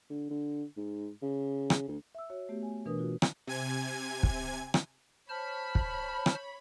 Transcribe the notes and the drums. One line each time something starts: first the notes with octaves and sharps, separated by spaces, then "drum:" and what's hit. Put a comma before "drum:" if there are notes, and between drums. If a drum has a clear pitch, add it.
D3
D3
G#2
C#3
drum: rim click
D2
E5 E6
F#4 C#5
A3 B3 G4
G#5
B2 E3 D4 A#4 B4 D#6
F4 F#4
drum: rim click
C3 G#5 G#6
drum: kick
drum: rim click
C5 C#5 A5 B5 F6
drum: kick
drum: rim click